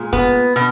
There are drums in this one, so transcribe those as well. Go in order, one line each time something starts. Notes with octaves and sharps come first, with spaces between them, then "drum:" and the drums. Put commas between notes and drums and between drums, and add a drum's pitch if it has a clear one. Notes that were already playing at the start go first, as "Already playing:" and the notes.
Already playing: A#2 G#3
B3, drum: kick
B2